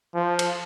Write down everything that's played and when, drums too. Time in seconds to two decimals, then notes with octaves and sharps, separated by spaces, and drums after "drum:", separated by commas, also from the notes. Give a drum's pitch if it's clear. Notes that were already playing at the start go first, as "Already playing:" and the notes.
0.15 F3
0.39 drum: cymbal